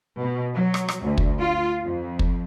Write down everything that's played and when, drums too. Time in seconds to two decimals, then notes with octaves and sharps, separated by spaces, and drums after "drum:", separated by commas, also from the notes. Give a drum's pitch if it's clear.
0.20 B2
0.55 F#3
0.74 drum: rim click
0.88 drum: rim click
1.03 D2
1.18 drum: kick
1.43 F4
1.83 F2
2.19 drum: kick